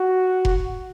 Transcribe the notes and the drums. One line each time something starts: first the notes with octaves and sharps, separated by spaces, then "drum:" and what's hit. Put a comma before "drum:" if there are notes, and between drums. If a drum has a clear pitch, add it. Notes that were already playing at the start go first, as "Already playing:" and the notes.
Already playing: F#4
drum: kick F1